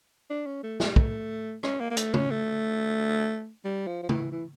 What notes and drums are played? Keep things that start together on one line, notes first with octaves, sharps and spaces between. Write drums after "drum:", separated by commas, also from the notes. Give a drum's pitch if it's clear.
D4
C#4
A3
G3, drum: snare
A3, drum: kick
C#4, drum: rim click
A#3
A#3
A3, drum: hi-hat
C#4, drum: tom
A3
G3
F3
F3
E3, drum: tom
E3